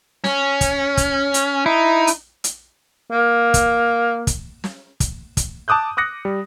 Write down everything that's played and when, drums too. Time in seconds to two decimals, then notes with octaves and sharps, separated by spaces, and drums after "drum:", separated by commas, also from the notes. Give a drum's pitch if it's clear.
0.24 C#4, drum: snare
0.61 drum: kick, hi-hat
0.97 drum: kick, hi-hat
1.34 drum: hi-hat
1.66 D#4 E4
2.07 drum: hi-hat
2.44 drum: hi-hat
3.11 A#3
3.54 drum: kick, hi-hat
4.27 drum: kick, hi-hat
4.64 drum: snare
5.00 drum: kick, hi-hat
5.37 drum: kick, hi-hat
5.68 A5 D6 D#6 F#6 G6
5.97 D6 D#6 F#6 A#6 C#7
6.25 G3